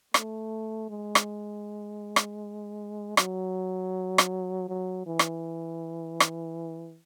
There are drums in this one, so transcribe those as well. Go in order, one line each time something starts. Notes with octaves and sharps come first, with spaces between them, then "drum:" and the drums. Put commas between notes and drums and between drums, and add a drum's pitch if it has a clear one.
A3, drum: rim click
G#3
drum: rim click
drum: rim click
F#3, drum: rim click
drum: rim click
F#3
E3
drum: rim click
drum: rim click